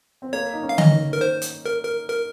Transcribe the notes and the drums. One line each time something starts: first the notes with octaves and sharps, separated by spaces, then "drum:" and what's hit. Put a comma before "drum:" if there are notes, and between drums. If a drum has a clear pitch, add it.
C4
A#3 C#5
D#4
C#4
F5
D#5, drum: tom D3
D#3
A#4
D#3 C5
drum: hi-hat
A#4
A#4
A#4